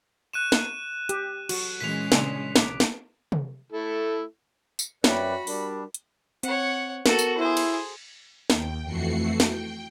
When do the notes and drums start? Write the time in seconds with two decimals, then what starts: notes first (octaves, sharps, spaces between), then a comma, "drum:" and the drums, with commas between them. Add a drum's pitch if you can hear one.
0.33 C#6 F#6 D#7 E7
0.52 drum: snare
1.09 G4, drum: hi-hat
1.49 F#3 F#4 A4, drum: cymbal
1.81 A#2 E3 F#3 G#3 C#4 B6 F7
2.12 C#3 D4 G#5 C6 E6 E7, drum: snare
2.56 B1 D6, drum: snare
2.80 drum: snare
3.32 drum: tom
3.72 A3 E4 A4
4.79 drum: tambourine
5.04 F#2 F#4 B4 C#5 D5 E5 G5 B5, drum: snare
5.47 G3 D4 A#4, drum: open hi-hat
5.94 drum: hi-hat
6.43 C4 C#5 F#5, drum: hi-hat
7.06 B3 F#4 A4 A#4, drum: snare
7.19 drum: tambourine
7.38 E4 G#4 C5
7.57 drum: cymbal
8.50 D#2 G5, drum: snare
8.84 F2 E3 A3 F#4 C7 C#7
9.40 G5, drum: snare